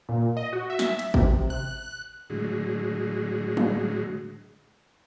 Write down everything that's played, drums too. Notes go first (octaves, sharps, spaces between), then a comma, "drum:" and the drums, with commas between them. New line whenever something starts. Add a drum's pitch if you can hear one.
A#2
D#5
F#4
E5
drum: snare
drum: cymbal
C3, drum: kick
F#6
A2 D3 F#3 G#3
drum: tom F3